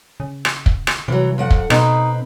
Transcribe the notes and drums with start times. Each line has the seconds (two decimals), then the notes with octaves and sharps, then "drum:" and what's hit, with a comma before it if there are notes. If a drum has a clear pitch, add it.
0.20 C#3
0.45 drum: rim click
0.66 drum: kick
0.87 drum: rim click
1.08 C3 E3 F#3
1.38 F2 F3 F#5
1.50 drum: kick
1.70 B2 C4 D#4 B4, drum: rim click